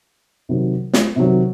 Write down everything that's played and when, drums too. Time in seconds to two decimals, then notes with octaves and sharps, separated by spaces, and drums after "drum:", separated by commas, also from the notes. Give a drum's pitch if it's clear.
0.49 C3 D#3 F#3
0.93 drum: snare
1.16 C3 D#3 F#3